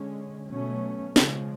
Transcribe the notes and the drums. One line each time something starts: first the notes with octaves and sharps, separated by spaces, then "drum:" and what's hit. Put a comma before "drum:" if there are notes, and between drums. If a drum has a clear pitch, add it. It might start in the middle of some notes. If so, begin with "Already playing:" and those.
Already playing: D3 G#3 C#4
B2 F#3 A3 C#4
C#3 F3 G#3, drum: snare